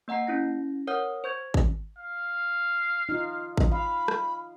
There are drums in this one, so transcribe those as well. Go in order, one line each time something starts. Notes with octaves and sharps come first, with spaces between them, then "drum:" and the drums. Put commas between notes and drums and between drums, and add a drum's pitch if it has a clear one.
A#3 D#5 F#5 A#5 C7
C#4 E4 A#6
A#4 C#5 F#5 D#6 F6 G6
C5 C#6 G6 G#6
drum: kick G#1
F5
D#4 F4
drum: kick G#1
F5 B5
drum: rim click